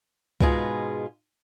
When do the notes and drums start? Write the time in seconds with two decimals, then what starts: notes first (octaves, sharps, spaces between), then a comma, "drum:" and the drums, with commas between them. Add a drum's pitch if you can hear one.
0.41 G#2 B2 G#3 B3 F4 G#4, drum: kick C2